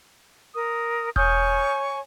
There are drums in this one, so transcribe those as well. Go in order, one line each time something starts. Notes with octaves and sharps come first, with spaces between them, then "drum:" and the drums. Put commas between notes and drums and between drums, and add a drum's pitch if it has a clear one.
A#4 D#6
C#5 G#5 C#6 D#6 F6 G6, drum: kick E1